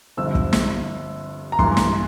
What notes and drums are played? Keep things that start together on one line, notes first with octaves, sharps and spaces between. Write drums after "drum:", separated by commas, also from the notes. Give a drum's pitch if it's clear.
G1 G2 F3 C4 E6
drum: kick
drum: snare
A#5
G2 E3 A#3 C6, drum: kick
drum: snare